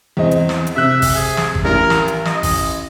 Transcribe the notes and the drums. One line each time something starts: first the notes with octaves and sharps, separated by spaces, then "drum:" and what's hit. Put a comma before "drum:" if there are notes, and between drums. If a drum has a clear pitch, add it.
E2 C4 D#5
drum: hi-hat
drum: snare
drum: hi-hat
C3 E5 F#6
drum: kick G#1, open hi-hat
G#4
drum: snare
drum: kick G#1
A1 A#4
drum: snare
drum: hi-hat
D#5, drum: snare
drum: kick G#1, open hi-hat